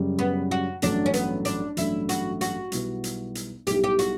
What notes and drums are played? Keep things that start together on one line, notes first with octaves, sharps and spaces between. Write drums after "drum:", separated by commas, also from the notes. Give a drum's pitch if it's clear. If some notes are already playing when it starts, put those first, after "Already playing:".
Already playing: F#2 C#3 G3
B3
F#4
A1 G2 F#3 A3 D4, drum: hi-hat
C#4
B3, drum: hi-hat
D4, drum: hi-hat
A1 G2 F#3 A3 E4, drum: hi-hat
F#4, drum: hi-hat
F#4, drum: hi-hat
B1 B2 G3 B3 E4, drum: hi-hat
drum: hi-hat
drum: hi-hat
B1 B2 G3 B3 E4 G4, drum: hi-hat
G4
F#4, drum: hi-hat